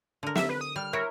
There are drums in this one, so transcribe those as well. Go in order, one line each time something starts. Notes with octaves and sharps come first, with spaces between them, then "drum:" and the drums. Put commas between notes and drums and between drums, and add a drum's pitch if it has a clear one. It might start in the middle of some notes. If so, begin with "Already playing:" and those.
D3 A#4
E5, drum: snare
B4
D#6
G3 F6
E4 F#4 A#4 C#5